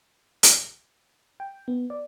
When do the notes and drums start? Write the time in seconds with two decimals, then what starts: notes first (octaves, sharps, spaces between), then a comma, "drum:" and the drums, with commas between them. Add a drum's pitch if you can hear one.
0.43 drum: hi-hat
1.40 G5
1.68 B3
1.90 D5